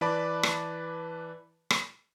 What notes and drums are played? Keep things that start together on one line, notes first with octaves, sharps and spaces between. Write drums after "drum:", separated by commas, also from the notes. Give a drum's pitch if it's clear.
E3 B4 D5 A5 B5 D6
drum: rim click
drum: rim click